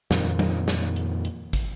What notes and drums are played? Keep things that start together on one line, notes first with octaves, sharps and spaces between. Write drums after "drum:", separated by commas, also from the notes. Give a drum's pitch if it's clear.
F2 A#2 D#3, drum: snare
drum: tom F#3
drum: snare
drum: hi-hat
drum: hi-hat
drum: kick, hi-hat